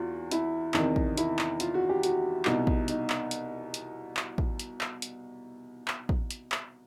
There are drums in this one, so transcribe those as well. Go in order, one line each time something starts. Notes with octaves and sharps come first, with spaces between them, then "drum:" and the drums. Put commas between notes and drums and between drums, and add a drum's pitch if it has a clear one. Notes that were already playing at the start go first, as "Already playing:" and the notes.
Already playing: E2 F4 F#4
E4, drum: hi-hat
E2 C3 D#3 D#4, drum: clap
drum: kick
E4, drum: hi-hat
drum: clap
F4, drum: hi-hat
F#4
G4
F#4, drum: hi-hat
C2 B2 D#4, drum: clap
drum: kick
D#4, drum: hi-hat
drum: clap
drum: hi-hat
drum: hi-hat
drum: clap
drum: kick
drum: hi-hat
drum: clap
drum: hi-hat
drum: clap
drum: kick
drum: hi-hat
drum: clap